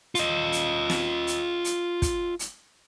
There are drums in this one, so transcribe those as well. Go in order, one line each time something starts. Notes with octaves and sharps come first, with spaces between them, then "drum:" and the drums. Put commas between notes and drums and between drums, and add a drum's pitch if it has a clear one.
F4 D#5, drum: hi-hat
drum: hi-hat
drum: snare
drum: hi-hat
drum: hi-hat
drum: kick, hi-hat
drum: hi-hat